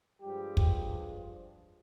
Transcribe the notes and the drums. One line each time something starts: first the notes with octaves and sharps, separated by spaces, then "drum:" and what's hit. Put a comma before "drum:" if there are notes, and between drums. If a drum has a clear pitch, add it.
G2 F3 G3 G#3 G4
drum: kick